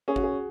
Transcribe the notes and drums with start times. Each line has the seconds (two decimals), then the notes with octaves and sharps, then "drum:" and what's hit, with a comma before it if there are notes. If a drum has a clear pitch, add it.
0.08 C#4 G#4
0.16 F#4, drum: kick
0.24 G#4